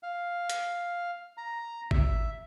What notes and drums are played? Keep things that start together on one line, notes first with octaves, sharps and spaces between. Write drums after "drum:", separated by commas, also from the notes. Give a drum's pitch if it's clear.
F5
drum: hi-hat
A#5
E5, drum: kick G#1